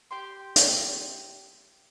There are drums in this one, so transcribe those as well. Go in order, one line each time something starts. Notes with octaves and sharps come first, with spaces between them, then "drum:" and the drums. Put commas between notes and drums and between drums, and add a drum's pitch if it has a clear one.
G4 G5 C6
drum: hi-hat